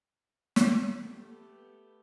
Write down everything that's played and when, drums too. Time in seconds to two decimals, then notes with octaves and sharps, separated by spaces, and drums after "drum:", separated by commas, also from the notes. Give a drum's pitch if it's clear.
0.56 drum: snare
1.03 A3 B3 G4